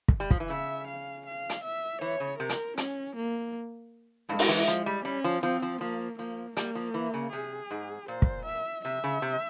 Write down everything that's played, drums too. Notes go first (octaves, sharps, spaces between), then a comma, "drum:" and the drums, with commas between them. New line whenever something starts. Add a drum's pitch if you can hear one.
drum: kick
G3
F3, drum: kick
E3
C#3 E5
F5
F5
drum: hi-hat
E5
E3 C#5
C#3
C3 A#4
drum: hi-hat
C#4, drum: hi-hat
A#3
G2 G#3
drum: open hi-hat
E3
F3
G3
G3 C#4
F3
F3 C4
F3
F3 A#3
F3 A#3
G3 A#3, drum: hi-hat
F3
E3
C#3
C3 G#4
G#2
A#2 C5
drum: kick
E5
C3 E5
C#3
C3